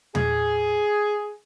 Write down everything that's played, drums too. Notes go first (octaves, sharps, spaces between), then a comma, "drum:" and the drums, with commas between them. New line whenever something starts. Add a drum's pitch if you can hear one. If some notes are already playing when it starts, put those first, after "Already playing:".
G#4, drum: tom